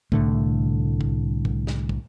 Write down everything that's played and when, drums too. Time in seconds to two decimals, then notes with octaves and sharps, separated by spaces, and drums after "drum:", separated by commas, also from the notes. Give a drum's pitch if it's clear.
0.12 C2 A2 D3 A3, drum: kick
1.01 drum: kick
1.45 drum: kick
1.67 drum: snare
1.89 drum: kick